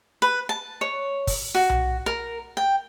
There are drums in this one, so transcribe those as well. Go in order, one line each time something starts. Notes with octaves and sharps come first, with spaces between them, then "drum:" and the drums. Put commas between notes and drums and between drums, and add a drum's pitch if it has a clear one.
B4
A5
C#5
drum: kick, open hi-hat
F#4
drum: tom B1
A#4
G5